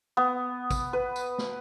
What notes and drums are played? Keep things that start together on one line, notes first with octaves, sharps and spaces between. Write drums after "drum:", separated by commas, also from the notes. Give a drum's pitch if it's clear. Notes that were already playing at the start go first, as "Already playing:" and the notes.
B3
drum: kick A1, tambourine
B4
drum: tambourine
drum: snare